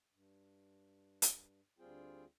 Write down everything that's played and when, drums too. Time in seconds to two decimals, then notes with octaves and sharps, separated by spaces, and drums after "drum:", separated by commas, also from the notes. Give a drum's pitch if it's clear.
0.13 G2
1.22 drum: hi-hat
1.79 D2 G3 C4 F4 G#4 G5